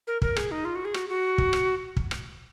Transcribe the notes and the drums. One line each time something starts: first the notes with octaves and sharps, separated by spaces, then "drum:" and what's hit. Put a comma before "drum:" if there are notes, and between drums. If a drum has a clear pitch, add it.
A#4
A#4, drum: kick
G#4, drum: rim click
D#4
F4
F#4
G#4
F#4, drum: rim click
F#4
drum: kick
drum: rim click
drum: kick
drum: rim click